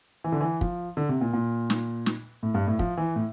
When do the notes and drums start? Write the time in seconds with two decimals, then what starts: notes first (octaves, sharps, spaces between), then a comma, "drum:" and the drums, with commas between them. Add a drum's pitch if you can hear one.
0.24 E3
0.32 D3
0.41 E3
0.61 F3, drum: kick
0.97 D3
1.09 C3
1.21 A#2
1.33 A#2
1.70 drum: snare
2.06 drum: snare
2.43 A2
2.54 G2
2.67 A2
2.79 F3, drum: kick
2.97 E3
3.16 A2